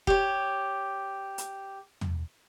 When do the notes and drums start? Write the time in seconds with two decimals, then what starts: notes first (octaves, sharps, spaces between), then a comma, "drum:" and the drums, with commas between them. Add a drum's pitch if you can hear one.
0.07 G4 C#5, drum: kick F1
1.38 drum: hi-hat
2.01 drum: tom